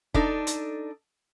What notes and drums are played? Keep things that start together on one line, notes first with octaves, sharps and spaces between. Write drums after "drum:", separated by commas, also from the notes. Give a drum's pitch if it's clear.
D4 D#4 A4, drum: kick F1
drum: hi-hat